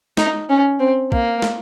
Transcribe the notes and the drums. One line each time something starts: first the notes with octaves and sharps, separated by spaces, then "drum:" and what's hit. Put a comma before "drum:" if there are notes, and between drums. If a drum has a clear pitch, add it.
D#4, drum: snare
C#4
C4
A#3, drum: kick
drum: snare